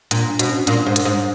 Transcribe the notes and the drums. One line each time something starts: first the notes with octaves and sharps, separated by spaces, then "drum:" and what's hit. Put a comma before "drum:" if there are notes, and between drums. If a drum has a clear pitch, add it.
A#2 D4, drum: hi-hat
D4
B2, drum: hi-hat
C#4
A#2 D4, drum: hi-hat
G#2
drum: hi-hat
G#2